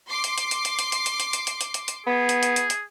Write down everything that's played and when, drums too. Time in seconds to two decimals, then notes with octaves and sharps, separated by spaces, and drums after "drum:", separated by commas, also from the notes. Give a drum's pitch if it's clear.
0.10 C6 D6 C7
0.24 drum: hi-hat
0.38 drum: hi-hat
0.51 drum: hi-hat
0.65 drum: hi-hat
0.79 drum: hi-hat
0.92 drum: hi-hat
1.06 drum: hi-hat
1.20 drum: hi-hat
1.33 drum: hi-hat
1.47 drum: hi-hat
1.61 drum: hi-hat
1.74 drum: hi-hat
1.88 drum: hi-hat
2.07 B3 G#4
2.29 drum: hi-hat
2.43 drum: hi-hat
2.56 drum: hi-hat
2.70 drum: hi-hat